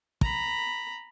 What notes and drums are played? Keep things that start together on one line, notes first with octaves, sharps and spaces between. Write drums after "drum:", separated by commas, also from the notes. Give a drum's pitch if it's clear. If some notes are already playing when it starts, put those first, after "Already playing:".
A#5 B5, drum: kick